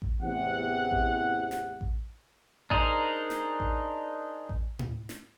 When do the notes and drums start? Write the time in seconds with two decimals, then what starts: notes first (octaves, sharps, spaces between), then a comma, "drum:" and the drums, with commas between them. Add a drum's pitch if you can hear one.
0.02 drum: kick A1
0.21 A1 E2 C3 F#5
0.91 drum: kick A1
1.51 drum: snare
1.81 drum: kick A1
2.70 D4 D#4 G#4 A#4 C5, drum: kick A1
3.30 drum: snare
3.60 drum: kick A1
4.49 drum: kick A1
4.79 drum: tom A2
5.09 drum: snare